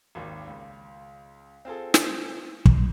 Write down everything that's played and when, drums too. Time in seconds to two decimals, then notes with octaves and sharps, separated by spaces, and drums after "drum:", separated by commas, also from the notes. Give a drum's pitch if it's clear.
0.15 G#1 D#2
0.48 C#2
1.65 C4 F4 G#4 A4
1.94 drum: snare
2.65 drum: kick